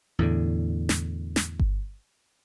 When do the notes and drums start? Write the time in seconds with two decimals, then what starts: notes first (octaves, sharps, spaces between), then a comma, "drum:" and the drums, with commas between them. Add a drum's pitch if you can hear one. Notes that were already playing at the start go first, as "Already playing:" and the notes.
0.19 E2 A2 D3
0.89 drum: snare
1.36 drum: snare
1.59 drum: kick G1